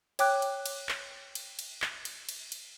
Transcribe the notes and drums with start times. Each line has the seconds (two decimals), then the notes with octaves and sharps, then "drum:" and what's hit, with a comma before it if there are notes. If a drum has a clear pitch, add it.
0.19 C#5 G5 D6 F#6, drum: cymbal
0.42 drum: cymbal
0.66 drum: cymbal
0.89 drum: clap
1.35 drum: cymbal
1.59 drum: cymbal
1.82 drum: clap
2.05 drum: cymbal
2.29 drum: cymbal
2.52 drum: cymbal